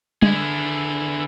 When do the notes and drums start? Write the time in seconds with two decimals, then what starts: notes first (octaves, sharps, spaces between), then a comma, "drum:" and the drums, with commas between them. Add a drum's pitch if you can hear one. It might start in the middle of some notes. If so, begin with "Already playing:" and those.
0.22 D3 E4 G#4, drum: tom G3